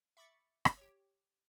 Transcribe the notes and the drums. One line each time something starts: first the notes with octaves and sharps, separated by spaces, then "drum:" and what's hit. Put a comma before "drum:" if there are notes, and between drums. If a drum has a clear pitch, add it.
E5 B5 C#6 D6 A6 C#7
drum: rim click
G4 C#5